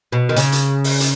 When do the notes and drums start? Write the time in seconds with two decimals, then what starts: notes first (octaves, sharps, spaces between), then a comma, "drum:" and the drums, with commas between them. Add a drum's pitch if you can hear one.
0.12 B2
0.29 D#3
0.36 C#3, drum: hi-hat
0.52 drum: hi-hat
0.84 drum: open hi-hat
1.00 drum: hi-hat